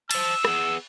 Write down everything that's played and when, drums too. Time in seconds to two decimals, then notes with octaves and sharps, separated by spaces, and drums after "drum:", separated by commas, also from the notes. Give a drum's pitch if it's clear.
0.11 C5 A5 E6, drum: cymbal
0.45 B3 G#4, drum: rim click